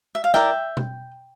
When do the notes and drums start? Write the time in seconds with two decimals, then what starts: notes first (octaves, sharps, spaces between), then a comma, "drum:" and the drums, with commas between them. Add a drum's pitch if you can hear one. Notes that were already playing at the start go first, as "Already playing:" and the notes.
0.15 E5
0.24 F5
0.34 E4 A#4 D5 E5 G5, drum: snare
0.77 drum: tom B2